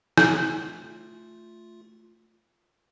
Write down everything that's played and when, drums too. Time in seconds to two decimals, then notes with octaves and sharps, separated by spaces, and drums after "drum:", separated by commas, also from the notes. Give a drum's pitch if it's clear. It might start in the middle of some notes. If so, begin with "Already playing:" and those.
0.18 A3 F4, drum: rim click